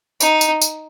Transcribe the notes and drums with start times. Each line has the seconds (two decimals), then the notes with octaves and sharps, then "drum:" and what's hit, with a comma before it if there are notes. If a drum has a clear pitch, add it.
0.20 D#4, drum: tambourine
0.41 drum: tambourine
0.62 drum: tambourine